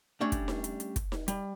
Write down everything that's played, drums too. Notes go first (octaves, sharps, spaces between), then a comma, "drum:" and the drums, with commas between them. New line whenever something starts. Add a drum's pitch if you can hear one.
G3 A3 C#4 D4
drum: kick, hi-hat
drum: snare D#4
drum: hi-hat
drum: hi-hat
drum: kick, hi-hat
drum: snare D#4
G3, drum: hi-hat